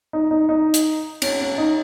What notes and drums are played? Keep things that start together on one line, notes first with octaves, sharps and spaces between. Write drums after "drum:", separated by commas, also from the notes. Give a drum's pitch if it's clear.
D#4
D#4
D#4
drum: hi-hat
C#4, drum: cymbal
C#4
D#4